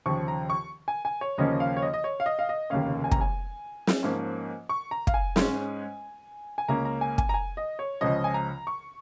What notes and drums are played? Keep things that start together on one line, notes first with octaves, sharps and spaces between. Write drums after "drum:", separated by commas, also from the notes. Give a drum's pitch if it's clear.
D#2 C#3 F3 C#6
A#5
C#6
G#5
G#5
C#5
D#2 C#3 F3 A#3 C#4 D#5
F5
C#5
D#5
D#5
C#5
F5
D#5
F5
D#5
F1 D#2 C#3 A#3 C#4 F5
G#5
A#5, drum: kick
G#5
drum: snare
G#2 F3 A#3 C#4
C#6
A#5
F5, drum: kick
G#5
G#2 G#3 C#4, drum: snare
G#5
C#2 C#3 A#3 C#4 A#5
A#5
G#5
G#5, drum: kick
A#5
G#5
D#5
C#5
C#2 C#3 F3 C#4 D#5
G#5
A#5
C#6